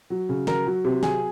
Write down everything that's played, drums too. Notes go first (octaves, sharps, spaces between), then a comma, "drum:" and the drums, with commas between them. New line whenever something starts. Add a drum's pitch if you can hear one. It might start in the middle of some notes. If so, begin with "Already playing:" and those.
F#3
C#3
F#3 A#4 A#5, drum: snare
F#3
C3
F#3 G#4 G#5, drum: snare